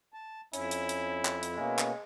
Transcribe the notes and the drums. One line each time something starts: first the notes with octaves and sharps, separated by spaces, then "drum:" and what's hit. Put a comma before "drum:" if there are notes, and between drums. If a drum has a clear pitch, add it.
A5
F2 C#4 E4, drum: hi-hat
drum: hi-hat
drum: hi-hat
drum: clap
drum: hi-hat
B2 G#3 A#3 C#4
drum: clap